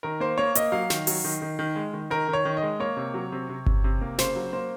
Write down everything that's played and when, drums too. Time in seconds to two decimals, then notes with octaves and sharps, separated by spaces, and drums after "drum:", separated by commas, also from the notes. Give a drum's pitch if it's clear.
0.03 D#3 A#4
0.20 A#3 C5
0.38 A#3 C#5
0.55 A#3 D#5, drum: hi-hat
0.72 F#3 F5
0.90 D#3, drum: snare
1.07 F#3, drum: open hi-hat
1.24 D#3
1.42 D#3
1.59 D#3
1.76 G#3
1.93 D#3
2.10 D#3 A#4
2.28 D#3
2.33 C#5
2.45 D#3
2.57 D#5
2.62 G#3
2.80 A#3 C#5
2.97 C3
3.14 F#3
3.32 C3
3.49 C3
3.66 C3, drum: kick G1
3.84 C3
4.01 A#3
4.18 C#3 C5, drum: snare
4.36 F#3
4.53 A#3 C5